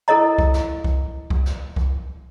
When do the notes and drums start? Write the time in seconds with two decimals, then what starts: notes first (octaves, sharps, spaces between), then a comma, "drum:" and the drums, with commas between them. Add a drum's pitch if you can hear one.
0.08 E4 A4 A#4 C#5 D#5 A#5
0.38 drum: kick C2
0.54 drum: snare
0.84 drum: kick C2
1.30 drum: kick C2
1.46 drum: snare
1.76 drum: kick C2